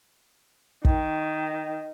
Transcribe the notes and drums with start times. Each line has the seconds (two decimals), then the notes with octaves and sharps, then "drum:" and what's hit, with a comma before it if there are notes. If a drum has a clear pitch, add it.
0.85 D#3, drum: kick